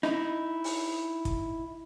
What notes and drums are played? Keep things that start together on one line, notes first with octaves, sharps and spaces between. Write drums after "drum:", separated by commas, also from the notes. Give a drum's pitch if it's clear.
D#4 E4, drum: rim click
drum: open hi-hat
drum: kick, hi-hat